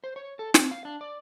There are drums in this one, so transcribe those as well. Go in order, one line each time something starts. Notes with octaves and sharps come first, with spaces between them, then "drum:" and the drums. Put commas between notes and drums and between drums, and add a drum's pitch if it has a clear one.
C5
C#5
A4
C4, drum: snare
F5
D4
D5